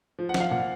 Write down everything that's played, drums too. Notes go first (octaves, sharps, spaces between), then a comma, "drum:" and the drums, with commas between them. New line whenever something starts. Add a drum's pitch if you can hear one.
F3
F#5
F3, drum: snare
F5
A#2 F#5